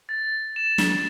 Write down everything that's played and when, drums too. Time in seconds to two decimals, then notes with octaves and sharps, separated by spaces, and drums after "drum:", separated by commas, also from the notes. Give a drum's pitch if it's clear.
0.09 A6
0.56 E7
0.78 drum: snare